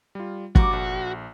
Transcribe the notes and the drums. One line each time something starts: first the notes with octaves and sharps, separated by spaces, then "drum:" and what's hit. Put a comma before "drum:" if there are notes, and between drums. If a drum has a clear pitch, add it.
G3 F4
G2 F#4 A#5 C6 D6, drum: kick
A#1 A4